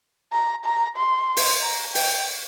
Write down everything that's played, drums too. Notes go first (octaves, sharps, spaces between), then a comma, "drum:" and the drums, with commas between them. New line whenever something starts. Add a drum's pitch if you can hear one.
A#5
A#5
C6
drum: open hi-hat
A#5
G5, drum: open hi-hat